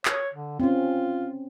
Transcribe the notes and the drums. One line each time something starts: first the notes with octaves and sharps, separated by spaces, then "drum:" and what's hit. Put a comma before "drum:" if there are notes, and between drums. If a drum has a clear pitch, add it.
C#5, drum: clap
D3
C4 C#4 F4